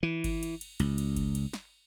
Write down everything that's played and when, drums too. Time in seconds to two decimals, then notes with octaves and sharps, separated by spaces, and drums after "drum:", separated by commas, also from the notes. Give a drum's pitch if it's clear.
0.03 E3
0.24 drum: kick G1, cymbal
0.43 drum: cymbal
0.61 drum: cymbal
0.80 C#2, drum: cymbal
0.98 drum: cymbal
1.17 drum: kick G1, cymbal
1.35 drum: cymbal
1.53 drum: snare